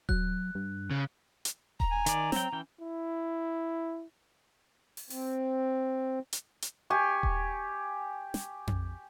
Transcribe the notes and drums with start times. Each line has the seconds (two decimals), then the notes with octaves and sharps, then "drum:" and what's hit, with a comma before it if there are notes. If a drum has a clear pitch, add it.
0.09 F#3 F#6, drum: kick D#1
0.55 G2
0.91 C#3
1.45 drum: hi-hat
1.80 A#5, drum: kick D#1
1.91 G#5
2.06 D#3 D5, drum: hi-hat
2.32 F#3 C4 G5, drum: snare
2.53 E3 C#4 G5
2.80 E4
4.97 drum: open hi-hat
5.10 C4, drum: open hi-hat
6.33 drum: hi-hat
6.62 drum: hi-hat
6.90 G4 G#5 C#6
7.23 drum: kick D#1
8.34 drum: snare
8.67 drum: tom F2